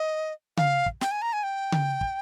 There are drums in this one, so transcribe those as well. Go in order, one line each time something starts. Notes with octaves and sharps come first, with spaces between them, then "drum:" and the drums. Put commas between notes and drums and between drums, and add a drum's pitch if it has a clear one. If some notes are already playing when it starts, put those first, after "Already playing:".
Already playing: D#5
F5, drum: tom C#3
drum: kick
G5, drum: snare
G#5
A#5
G#5
G5
drum: tom C#3
drum: kick